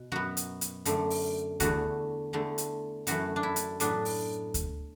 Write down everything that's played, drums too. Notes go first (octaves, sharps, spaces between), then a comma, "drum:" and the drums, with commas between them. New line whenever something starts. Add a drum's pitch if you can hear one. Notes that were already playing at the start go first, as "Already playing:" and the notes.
Already playing: B2
F#2 F#3 B3 F#4
drum: hi-hat
drum: hi-hat
F#2 D3 A3, drum: hi-hat
drum: open hi-hat
E2 D3 A3 F#4, drum: kick D2, hi-hat
E2 D3 A3
drum: hi-hat
F#2 E3 A3 F#4, drum: hi-hat
D4
E4
drum: hi-hat
A2 F#3 B3 D4, drum: hi-hat
drum: open hi-hat
drum: kick D2, hi-hat